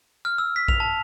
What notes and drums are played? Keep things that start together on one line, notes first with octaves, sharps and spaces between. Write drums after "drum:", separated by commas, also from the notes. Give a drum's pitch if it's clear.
F6
E6
B6
F7, drum: kick A#1
A5